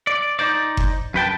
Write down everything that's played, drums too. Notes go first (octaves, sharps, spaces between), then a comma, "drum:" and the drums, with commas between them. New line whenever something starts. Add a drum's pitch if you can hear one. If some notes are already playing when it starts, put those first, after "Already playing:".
D5
D#4 C5 D5
drum: kick F#1
F#2 B4 G5 A5